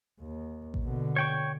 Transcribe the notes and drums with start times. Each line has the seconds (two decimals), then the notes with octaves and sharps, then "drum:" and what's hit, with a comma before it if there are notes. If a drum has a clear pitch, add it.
0.20 D#2
0.74 drum: kick A1
0.84 B2 D3
1.16 C#5 G5 C#6